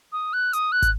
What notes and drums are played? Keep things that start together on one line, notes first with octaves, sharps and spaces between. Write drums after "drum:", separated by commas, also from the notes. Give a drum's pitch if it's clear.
D#6
F#6
D#6, drum: hi-hat
F#6
drum: kick, hi-hat